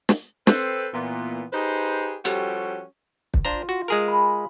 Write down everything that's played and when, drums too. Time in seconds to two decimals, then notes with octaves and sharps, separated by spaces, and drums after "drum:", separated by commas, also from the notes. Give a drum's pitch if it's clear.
0.09 drum: snare
0.47 C4 A4 B4, drum: snare
0.94 A#2 E3 B3
1.53 D#4 G4 G#4 B4 C5
2.25 F3 G3 C#4 F#4 G4 A4, drum: hi-hat
3.34 drum: kick
3.45 D4 F4 C5 A#5
3.69 F#4
3.88 G#3 G#4 A#4
4.07 G#5 B5